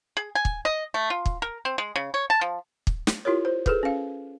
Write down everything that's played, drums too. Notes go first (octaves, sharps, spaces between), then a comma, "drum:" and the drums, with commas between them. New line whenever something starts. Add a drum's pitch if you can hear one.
G#4
G#5
drum: kick
D#5
A3
F4
drum: kick
A#4
C4
G#3
C#3
C#5
A5
F3
drum: kick
drum: snare
E4 F4 G4 A#4 C#5
C5
G#4 A4 B4, drum: kick
C#4 F5